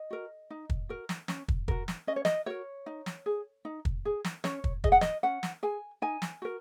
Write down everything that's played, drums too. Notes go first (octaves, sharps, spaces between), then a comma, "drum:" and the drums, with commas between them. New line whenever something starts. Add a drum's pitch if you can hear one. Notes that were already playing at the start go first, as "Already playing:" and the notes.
Already playing: D#5
F#4 A#4
D#4
drum: kick
F#4 A#4
drum: snare
C#4, drum: snare
drum: kick
F#4 A#4, drum: kick
drum: snare
C#4 D#5
C#5
D#5, drum: snare
F#4 A#4 C#5
D#4
drum: snare
G#4
D#4
drum: kick
G#4
drum: snare
C#4 C#5, drum: snare
drum: kick
G#4 D#5, drum: kick
F#5
D#5, drum: snare
C#4 F#5
drum: snare
G#4 G#5
D#4 G#5
drum: snare
F#4 A#4